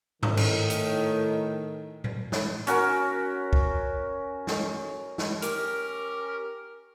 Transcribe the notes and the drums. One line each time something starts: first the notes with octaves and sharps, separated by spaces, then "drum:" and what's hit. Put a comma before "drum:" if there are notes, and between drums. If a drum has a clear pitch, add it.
A2 D#3, drum: tom G#2
drum: cymbal
drum: hi-hat
drum: tom A2
drum: snare
C#4 F#4 A#4, drum: hi-hat
drum: kick
drum: snare
drum: snare
C#4 G4 A#4, drum: hi-hat